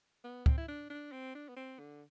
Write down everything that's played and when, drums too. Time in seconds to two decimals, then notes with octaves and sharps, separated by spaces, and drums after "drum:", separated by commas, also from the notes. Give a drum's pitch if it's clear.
0.24 B3
0.46 C4, drum: kick
0.58 E4
0.68 D4
0.90 D4
1.12 C4
1.35 D4
1.49 B3
1.57 C4
1.79 D3